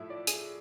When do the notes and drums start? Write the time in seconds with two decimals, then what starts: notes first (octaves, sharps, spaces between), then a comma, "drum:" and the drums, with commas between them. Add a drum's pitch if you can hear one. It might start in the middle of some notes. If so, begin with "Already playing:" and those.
Already playing: A2 F3 A3 E4 E5
0.10 D5
0.27 G#4, drum: hi-hat